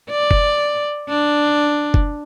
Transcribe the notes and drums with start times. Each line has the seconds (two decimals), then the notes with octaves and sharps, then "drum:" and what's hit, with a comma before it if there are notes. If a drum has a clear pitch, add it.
0.10 D5
0.31 drum: kick F#1
1.09 D4
1.94 drum: kick F#1